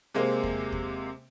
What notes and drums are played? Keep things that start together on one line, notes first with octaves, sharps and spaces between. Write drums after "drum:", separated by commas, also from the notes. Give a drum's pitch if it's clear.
C3 G#3 A#3 C4
drum: kick
drum: kick